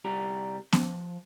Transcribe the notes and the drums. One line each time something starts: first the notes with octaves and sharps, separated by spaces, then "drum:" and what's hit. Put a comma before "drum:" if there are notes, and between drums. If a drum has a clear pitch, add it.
C2 G3 G4 A#5
F3, drum: snare